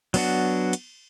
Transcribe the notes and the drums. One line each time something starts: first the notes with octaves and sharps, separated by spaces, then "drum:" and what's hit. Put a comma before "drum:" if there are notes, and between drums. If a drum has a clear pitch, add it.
F#3 B3 D4 F#4, drum: cymbal
drum: hi-hat